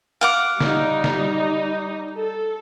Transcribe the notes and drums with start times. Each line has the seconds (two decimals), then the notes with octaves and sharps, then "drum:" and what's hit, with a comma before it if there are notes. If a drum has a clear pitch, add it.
0.21 F5 F#5 D6
0.60 G3 D#4, drum: snare
1.04 drum: snare
2.16 A4